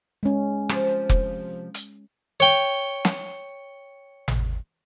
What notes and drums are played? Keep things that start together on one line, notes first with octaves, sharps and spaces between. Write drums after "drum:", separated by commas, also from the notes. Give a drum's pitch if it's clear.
G#3 C#4
C3 F3, drum: rim click
drum: kick F1
drum: hi-hat
C#5 G5
drum: snare
drum: tom G#1